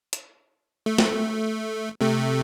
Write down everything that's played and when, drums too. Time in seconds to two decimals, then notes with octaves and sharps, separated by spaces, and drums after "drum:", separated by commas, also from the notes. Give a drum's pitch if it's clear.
0.13 drum: hi-hat
0.86 A3
0.98 drum: snare
2.01 C3 A3